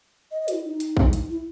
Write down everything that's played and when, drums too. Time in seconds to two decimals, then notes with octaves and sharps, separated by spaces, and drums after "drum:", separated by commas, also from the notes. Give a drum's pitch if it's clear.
0.31 D#5
0.42 D#5
0.48 F#4, drum: hi-hat
0.53 E4
0.64 D#4
0.80 drum: hi-hat
0.97 drum: kick
1.13 drum: hi-hat
1.30 E4